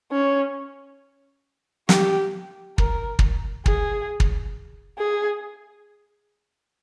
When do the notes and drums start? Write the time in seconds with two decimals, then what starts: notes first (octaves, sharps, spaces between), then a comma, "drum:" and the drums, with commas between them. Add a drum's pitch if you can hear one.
0.12 C#4
1.89 G4, drum: snare
2.78 A#4, drum: kick
3.19 drum: kick
3.66 G#4, drum: kick
4.20 drum: kick
4.99 G#4